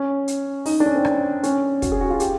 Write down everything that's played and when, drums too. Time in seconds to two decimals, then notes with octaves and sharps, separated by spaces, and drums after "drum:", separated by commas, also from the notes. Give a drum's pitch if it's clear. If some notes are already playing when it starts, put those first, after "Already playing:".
Already playing: C#4
0.28 drum: hi-hat
0.65 D#4, drum: open hi-hat
0.80 D4
0.86 C#4
0.95 C4
1.05 drum: rim click
1.43 C#4, drum: hi-hat
1.82 F#4, drum: kick, hi-hat
1.92 G#4
2.01 F#4
2.10 F4
2.20 G4, drum: hi-hat